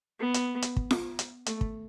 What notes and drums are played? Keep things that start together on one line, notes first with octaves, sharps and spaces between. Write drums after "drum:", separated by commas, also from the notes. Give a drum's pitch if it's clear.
B3
drum: hi-hat
drum: hi-hat
drum: kick
drum: snare F4
drum: hi-hat
A3, drum: hi-hat
drum: kick